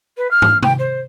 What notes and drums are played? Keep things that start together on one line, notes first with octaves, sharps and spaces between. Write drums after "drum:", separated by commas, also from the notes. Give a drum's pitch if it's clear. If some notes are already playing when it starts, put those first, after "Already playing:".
B4
F6
drum: tom
G5, drum: tom C3
C5